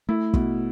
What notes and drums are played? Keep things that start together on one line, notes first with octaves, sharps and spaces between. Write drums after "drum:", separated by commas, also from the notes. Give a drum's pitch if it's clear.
A3 E4
B2, drum: kick